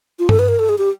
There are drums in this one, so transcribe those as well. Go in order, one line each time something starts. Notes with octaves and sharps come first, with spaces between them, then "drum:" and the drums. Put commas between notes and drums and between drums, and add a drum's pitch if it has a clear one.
F4
A4, drum: tom G2
B4
A#4
A4
G#4
G4